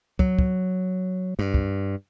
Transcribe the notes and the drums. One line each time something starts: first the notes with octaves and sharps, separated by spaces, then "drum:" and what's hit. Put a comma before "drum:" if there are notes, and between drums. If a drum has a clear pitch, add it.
F#3, drum: kick
drum: kick
G2
drum: kick